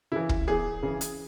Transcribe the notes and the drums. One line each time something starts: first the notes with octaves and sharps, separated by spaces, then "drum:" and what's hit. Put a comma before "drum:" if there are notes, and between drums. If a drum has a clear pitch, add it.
C#3 E3 E4
drum: kick
E2 G#4
C#3 E3
drum: hi-hat